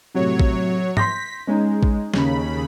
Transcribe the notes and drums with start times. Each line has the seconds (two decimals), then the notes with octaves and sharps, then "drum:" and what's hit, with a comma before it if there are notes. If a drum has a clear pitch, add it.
0.14 A2 C3 F#3 C#5
0.40 drum: kick
0.97 C6 G6 A#6 B6, drum: tom G#2
1.47 G#3 C#4 D#4
1.83 drum: kick
2.14 D#2 C#3 B5, drum: snare